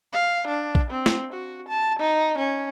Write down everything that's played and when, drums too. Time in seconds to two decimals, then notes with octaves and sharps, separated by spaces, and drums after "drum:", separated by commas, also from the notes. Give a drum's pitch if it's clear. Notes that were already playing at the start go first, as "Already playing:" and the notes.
0.13 F5
0.47 D4
0.75 drum: kick
0.90 C4
1.06 drum: snare
1.33 F#4
1.68 A5
1.99 D#4
2.38 C#4